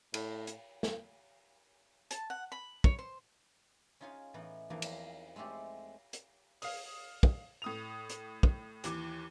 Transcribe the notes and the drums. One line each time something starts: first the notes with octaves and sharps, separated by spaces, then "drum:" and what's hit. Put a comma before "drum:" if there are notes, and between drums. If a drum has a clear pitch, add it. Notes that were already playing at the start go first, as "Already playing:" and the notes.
A2, drum: cymbal
drum: hi-hat
drum: snare
A5, drum: hi-hat
F#5
B5
C#5, drum: kick
C5
C#4 D#4 F4 G#4 C#5
A2 E3 B3 D#4
E2 E3 F3 A#3 C4 D#4
drum: cymbal
G#3 A3 C4 G4 A4
drum: hi-hat
F5 D#6, drum: open hi-hat
drum: kick
A2 D#6 F7
drum: hi-hat
drum: kick
D#2 E3 D6, drum: hi-hat